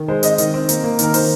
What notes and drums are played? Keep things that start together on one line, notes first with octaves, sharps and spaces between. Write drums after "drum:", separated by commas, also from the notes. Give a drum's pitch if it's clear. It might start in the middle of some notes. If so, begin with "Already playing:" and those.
Already playing: D#3
G#3 C5
C4 D#5, drum: hi-hat
D#3, drum: hi-hat
C4
A#3, drum: hi-hat
A#3
D#3 A#4, drum: hi-hat
D#3 C5, drum: open hi-hat